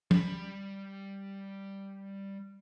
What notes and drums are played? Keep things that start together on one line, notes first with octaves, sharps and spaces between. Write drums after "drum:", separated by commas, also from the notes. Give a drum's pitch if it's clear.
G3 B5, drum: tom F3